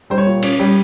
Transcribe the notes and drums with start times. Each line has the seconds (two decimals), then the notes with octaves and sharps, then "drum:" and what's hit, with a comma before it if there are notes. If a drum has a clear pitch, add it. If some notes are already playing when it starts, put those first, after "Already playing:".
0.10 G3 C5
0.18 C#5
0.26 A#2
0.43 C#4, drum: cymbal
0.59 G3